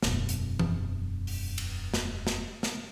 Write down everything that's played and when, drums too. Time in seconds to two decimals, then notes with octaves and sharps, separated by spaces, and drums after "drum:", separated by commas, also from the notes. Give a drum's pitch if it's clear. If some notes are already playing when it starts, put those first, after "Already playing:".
0.03 E1 F#2, drum: snare
0.29 drum: hi-hat
0.59 drum: tom E3
1.27 drum: open hi-hat
1.58 drum: cymbal
1.94 drum: snare
2.27 drum: snare
2.63 drum: snare